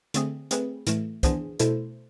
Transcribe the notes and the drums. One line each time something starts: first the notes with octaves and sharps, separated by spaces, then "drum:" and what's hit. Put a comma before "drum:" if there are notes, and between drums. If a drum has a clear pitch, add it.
D3 A3 C4 G#4, drum: hi-hat
A3 C4 G#4 B4, drum: hi-hat
A2 E3 A3, drum: hi-hat
E3 B3 D4 G#4 C5, drum: kick, hi-hat
B2 A3 E4 A4 C5, drum: hi-hat